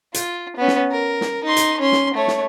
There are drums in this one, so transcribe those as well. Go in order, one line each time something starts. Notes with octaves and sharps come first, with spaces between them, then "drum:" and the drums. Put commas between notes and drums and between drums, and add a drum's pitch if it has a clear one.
F4, drum: hi-hat
B3 C#4
drum: snare
A#4
drum: snare
D#4 C6
drum: hi-hat
C#4 C6
drum: snare
A3 C#5
drum: snare